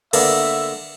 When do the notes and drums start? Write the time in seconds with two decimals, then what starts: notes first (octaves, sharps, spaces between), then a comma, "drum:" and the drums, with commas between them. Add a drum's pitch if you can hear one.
0.13 D3 A#3 B3 E5, drum: cymbal